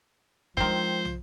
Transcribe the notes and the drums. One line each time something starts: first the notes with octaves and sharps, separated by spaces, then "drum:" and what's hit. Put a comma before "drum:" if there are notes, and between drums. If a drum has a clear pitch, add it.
D#3 F3 G#3 C4 D4 C5, drum: kick
drum: tom